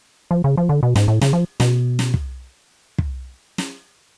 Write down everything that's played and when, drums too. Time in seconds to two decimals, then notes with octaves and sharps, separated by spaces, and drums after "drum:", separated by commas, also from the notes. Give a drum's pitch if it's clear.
0.31 F3
0.44 C#3
0.57 F3
0.69 D3
0.83 B2
0.96 G#2, drum: snare
1.08 A2
1.21 C#3, drum: snare
1.33 F3
1.60 B2, drum: snare
1.99 drum: snare
2.14 drum: kick
2.98 drum: kick
3.58 drum: snare